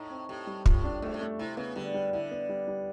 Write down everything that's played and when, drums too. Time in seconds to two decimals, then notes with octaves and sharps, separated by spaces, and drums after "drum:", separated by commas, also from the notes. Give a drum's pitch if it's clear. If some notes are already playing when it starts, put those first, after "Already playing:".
Already playing: A2 D#4
0.10 C4
0.29 A2 G4
0.47 G3
0.66 A2 F4, drum: kick
0.84 D4
1.02 G#2 A3
1.14 A2
1.21 A3
1.39 C3 E4
1.57 C#3 B3
1.76 D3 G3
1.94 G3
2.13 D3 E4
2.31 B3
2.49 G3
2.68 G3